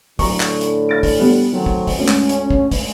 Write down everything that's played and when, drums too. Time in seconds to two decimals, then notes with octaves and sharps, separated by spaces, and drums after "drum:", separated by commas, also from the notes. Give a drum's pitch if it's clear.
0.19 A2 D3 F#3 A#5 C#6, drum: kick, open hi-hat
0.40 drum: clap
0.61 drum: hi-hat
0.89 F6 A6 D7
1.03 drum: kick, open hi-hat
1.20 G3 B3
1.52 D#3 F#3 A3 C4
1.66 drum: kick
1.87 drum: kick, open hi-hat
1.98 D2 G#2 C#4
2.08 drum: clap
2.29 drum: hi-hat
2.50 drum: kick
2.71 drum: kick, open hi-hat